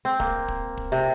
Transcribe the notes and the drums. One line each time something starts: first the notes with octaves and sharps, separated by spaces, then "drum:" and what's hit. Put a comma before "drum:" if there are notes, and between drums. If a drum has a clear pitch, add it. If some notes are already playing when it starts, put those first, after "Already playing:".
C4
A#3, drum: kick
drum: kick
drum: kick
C3